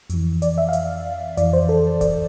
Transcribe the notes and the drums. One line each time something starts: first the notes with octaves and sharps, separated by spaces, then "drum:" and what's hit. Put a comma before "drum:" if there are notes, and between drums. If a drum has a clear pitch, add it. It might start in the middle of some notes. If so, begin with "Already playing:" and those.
F2 E3, drum: hi-hat
D5, drum: hi-hat
E5
F5
E5, drum: hi-hat
F2 E3 D5, drum: hi-hat
C5
A4
D5, drum: kick E1, hi-hat